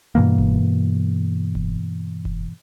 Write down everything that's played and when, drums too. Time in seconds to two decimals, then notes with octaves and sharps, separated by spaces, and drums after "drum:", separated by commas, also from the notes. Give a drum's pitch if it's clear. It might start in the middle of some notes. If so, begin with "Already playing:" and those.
0.15 G2 B2 E3 A#3
0.38 drum: kick F1
1.55 drum: kick F1
2.25 drum: kick F1